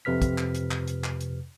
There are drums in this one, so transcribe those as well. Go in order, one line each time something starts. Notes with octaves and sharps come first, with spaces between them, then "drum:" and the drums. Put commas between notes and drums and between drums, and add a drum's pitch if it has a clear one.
F2 C3 B4 F6 B6
drum: kick, hi-hat
drum: clap
drum: hi-hat
drum: clap
drum: hi-hat
drum: clap
drum: hi-hat